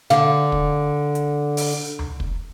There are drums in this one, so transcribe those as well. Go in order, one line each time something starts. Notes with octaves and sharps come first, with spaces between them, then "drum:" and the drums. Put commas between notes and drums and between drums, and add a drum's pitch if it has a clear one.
D3 F5
drum: kick
drum: hi-hat
drum: open hi-hat
drum: tom C#2
drum: kick